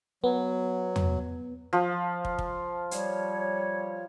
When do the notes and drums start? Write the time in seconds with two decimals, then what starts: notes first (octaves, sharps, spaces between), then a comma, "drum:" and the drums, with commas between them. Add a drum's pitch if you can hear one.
0.24 F#3 B3
0.96 drum: tom E2
1.73 F3
2.25 drum: kick
2.39 drum: kick
2.91 G3 C#5, drum: hi-hat